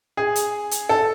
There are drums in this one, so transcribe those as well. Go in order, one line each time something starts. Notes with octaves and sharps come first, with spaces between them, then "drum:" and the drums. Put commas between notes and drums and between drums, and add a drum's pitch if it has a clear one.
G#4
drum: hi-hat
drum: hi-hat
A4